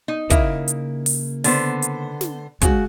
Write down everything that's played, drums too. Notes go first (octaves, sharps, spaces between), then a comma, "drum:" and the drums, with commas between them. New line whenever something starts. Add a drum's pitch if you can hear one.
D#4
C#3 A#3 E4 D#5, drum: kick, hi-hat
drum: hi-hat
drum: open hi-hat
D3 B3 C5, drum: open hi-hat
drum: hi-hat
drum: snare
C#3 G#3 C#4 F#4, drum: kick, hi-hat